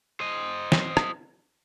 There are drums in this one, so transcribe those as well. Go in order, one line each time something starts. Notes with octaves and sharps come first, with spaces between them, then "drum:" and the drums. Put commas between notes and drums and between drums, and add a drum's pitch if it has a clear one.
C5 D#5
drum: snare
drum: rim click